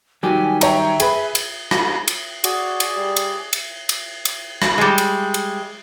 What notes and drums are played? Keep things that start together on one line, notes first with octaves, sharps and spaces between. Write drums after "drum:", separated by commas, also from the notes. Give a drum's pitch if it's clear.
D#3 F#3 G3 G4 G#5
C#5 E5 G5 A#5, drum: cymbal
G#4 B4, drum: cymbal
drum: cymbal
drum: rim click
drum: cymbal
F#4 G#4 D5, drum: cymbal
drum: cymbal
G3
drum: cymbal
drum: cymbal
drum: cymbal
drum: cymbal
drum: rim click
G3 G#3
drum: cymbal
drum: cymbal